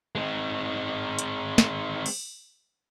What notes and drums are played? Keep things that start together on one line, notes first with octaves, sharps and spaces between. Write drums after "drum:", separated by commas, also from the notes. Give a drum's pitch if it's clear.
G#3 C4
drum: hi-hat
drum: snare
drum: open hi-hat